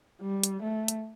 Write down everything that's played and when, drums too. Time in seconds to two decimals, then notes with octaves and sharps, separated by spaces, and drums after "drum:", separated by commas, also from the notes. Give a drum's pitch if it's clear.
0.21 G3
0.43 drum: hi-hat
0.63 A3
0.88 drum: hi-hat